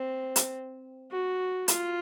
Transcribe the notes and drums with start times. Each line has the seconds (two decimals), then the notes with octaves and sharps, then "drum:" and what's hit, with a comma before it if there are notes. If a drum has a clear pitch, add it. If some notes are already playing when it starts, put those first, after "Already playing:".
Already playing: C4
0.36 drum: hi-hat
1.10 F#4
1.68 F4, drum: hi-hat